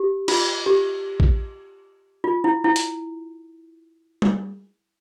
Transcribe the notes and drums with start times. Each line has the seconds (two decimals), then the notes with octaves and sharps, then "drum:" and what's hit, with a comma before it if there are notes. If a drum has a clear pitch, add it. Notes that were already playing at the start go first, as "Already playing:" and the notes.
Already playing: G4
0.28 F4, drum: cymbal
0.66 G4
1.20 drum: kick A#1
2.24 F4
2.44 E4
2.64 E4
2.76 drum: hi-hat
4.22 drum: tom G3